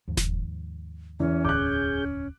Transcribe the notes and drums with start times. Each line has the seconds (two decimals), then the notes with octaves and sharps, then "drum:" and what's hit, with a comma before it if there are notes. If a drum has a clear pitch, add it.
0.08 D#2 G#2 F3
0.17 drum: snare E1
1.20 E2 E3 C#4
1.45 E1 D2 A2 G#4 D6 F#6 G6